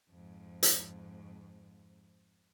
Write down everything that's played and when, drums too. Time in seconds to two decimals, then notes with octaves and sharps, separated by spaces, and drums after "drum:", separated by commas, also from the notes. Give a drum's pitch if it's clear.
0.10 F2 G#2
0.63 drum: hi-hat